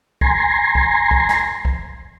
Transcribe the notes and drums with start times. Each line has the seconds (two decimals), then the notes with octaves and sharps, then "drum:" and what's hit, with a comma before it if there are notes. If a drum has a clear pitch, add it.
0.21 G#5 A#5 C6, drum: kick
0.75 drum: kick
1.11 drum: kick
1.29 drum: snare
1.65 drum: kick